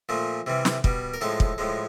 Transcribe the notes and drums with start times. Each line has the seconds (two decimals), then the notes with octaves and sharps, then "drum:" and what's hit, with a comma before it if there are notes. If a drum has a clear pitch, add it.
0.09 A#2 F3 A3
0.46 C3 E3 G3
0.65 drum: snare
0.84 B2 G3, drum: kick
1.14 A#4
1.21 A2 F3 G#3 A4
1.40 drum: kick
1.58 A2 F3 G#3